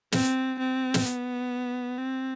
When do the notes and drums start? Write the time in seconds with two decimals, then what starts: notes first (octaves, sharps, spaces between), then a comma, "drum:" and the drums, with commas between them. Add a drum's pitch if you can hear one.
0.13 C4, drum: snare
0.59 C4
0.94 drum: snare
1.05 B3
1.98 C4